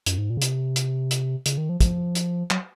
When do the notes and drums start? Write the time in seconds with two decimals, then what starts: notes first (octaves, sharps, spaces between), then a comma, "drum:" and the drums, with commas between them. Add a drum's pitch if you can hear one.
0.06 F#2, drum: hi-hat
0.18 G#2
0.30 A#2
0.37 C#3
0.42 C3, drum: hi-hat
0.76 drum: hi-hat
1.11 drum: hi-hat
1.46 C#3, drum: hi-hat
1.58 D#3
1.69 F3
1.81 F3, drum: kick, hi-hat
2.15 drum: hi-hat
2.51 F#3, drum: clap